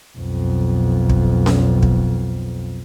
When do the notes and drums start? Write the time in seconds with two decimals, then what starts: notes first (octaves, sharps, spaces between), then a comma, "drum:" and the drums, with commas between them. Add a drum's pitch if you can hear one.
0.18 B1 F2
1.10 drum: kick
1.46 drum: snare C#4
1.83 drum: kick